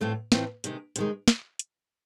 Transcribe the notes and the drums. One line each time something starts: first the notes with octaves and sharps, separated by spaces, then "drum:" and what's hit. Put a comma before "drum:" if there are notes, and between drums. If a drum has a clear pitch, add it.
A2 E3 A3 C4 F4
A2 E3 A3 C4 F4, drum: snare
C3 D#3 G#3, drum: hi-hat
C3 D#3 G#3, drum: hi-hat
drum: snare
drum: hi-hat